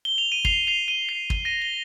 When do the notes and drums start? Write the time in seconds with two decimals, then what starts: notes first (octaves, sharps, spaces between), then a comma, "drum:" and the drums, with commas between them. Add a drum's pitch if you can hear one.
0.05 G7
0.18 F7
0.32 D#7
0.45 C7 F7, drum: kick
0.67 C7 F7
0.88 D#7 G7
1.09 C7 F7
1.30 drum: kick
1.45 A#6 D#7
1.61 D#7 G7